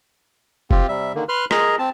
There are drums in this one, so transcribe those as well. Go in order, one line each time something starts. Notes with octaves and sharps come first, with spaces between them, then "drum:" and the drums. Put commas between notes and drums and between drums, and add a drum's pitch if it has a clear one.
C4 F4 G4, drum: kick
C3 G3 E5
D3 D#3 A#3
B4 C6 F6 F#6
G#4 A#4 D#5 A#5, drum: rim click
C4 A5